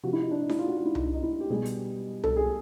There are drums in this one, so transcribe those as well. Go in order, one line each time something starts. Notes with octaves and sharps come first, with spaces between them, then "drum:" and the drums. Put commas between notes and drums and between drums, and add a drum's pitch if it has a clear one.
C3 F3 F#4
E4
D#4
D4
D#4
E4, drum: snare D4
F4
F#4
F4
E4
D#4, drum: tom C2
D4
D#4
E4
G4
B2 G3 G#4
drum: hi-hat
A4, drum: tom C2
G#4